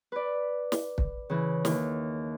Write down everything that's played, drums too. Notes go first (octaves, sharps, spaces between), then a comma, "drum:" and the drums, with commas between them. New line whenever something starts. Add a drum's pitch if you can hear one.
B4 D5
drum: snare
drum: kick
C#3 E3
D#2, drum: snare